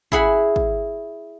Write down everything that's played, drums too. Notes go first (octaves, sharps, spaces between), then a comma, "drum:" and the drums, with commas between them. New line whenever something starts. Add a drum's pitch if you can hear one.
E4 G#4 F#5 B5, drum: kick
drum: kick